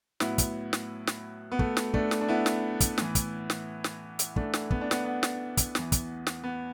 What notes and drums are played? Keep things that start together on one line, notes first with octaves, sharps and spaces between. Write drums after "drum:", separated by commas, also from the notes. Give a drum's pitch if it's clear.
A2 F#3 B3 E4, drum: snare
drum: kick, hi-hat
drum: snare
drum: snare
B3
A3, drum: kick
drum: snare
A3 D4, drum: kick
drum: snare
D4
B3 E4
drum: snare
drum: kick, hi-hat
A2 E3, drum: snare
drum: kick, hi-hat
drum: snare
drum: snare
drum: hi-hat
A3 D4, drum: kick
drum: snare
B3, drum: kick
D4
B3, drum: snare
B3
drum: snare
drum: kick, hi-hat
E2 E3, drum: snare
drum: kick, hi-hat
drum: snare
B3